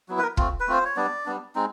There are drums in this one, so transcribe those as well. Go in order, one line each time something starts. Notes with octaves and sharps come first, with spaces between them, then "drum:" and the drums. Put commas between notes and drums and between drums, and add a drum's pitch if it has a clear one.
F#3 B3 E4
B4
A#4
A3 C4 F4, drum: kick
B4
A3 C4 F4 C5
C#5
G3 B3 D4 D5
G3 B3 D4
G#3 C4 D#4